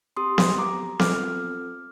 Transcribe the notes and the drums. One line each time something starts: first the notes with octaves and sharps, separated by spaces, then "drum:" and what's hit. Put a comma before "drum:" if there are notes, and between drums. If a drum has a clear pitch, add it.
C4 G4 C6 D#6
drum: snare B3
A#5 D6
C4 F4 A4 D6 F6, drum: snare B3